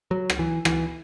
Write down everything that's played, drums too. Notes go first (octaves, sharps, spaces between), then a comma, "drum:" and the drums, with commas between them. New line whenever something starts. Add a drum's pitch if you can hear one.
F#3
drum: rim click
E3
E3, drum: rim click